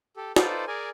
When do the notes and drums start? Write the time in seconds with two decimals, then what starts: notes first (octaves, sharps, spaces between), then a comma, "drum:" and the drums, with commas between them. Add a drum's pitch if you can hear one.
0.17 G4 A4
0.36 D#4 F4 A4 B4 C5 D5, drum: snare
0.67 G#4 A#4 D5 G#5